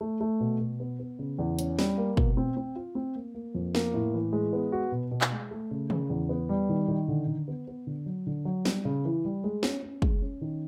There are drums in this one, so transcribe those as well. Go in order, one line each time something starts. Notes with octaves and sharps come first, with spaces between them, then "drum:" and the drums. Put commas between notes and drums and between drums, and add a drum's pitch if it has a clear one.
A3
A3
B2
B2
B3
B3
C#3
E2
C#4, drum: hi-hat
G3, drum: snare
A#3
B2, drum: kick
C4
C4
F4
C4
A#3
A#3
F2
A#3, drum: snare
A2
E3
G#3
B3
F#4
B2
B2
drum: clap
G#3
A3
C#3
C#3, drum: tom D#3
E2
B3
G3
D#3
D#3
D3
D3
B3
B3
D3
F#3
D3
F#3
G3, drum: snare
C#3
E3
G3
G#3
C#4, drum: snare
C#4
G#3, drum: kick
C#4
D#3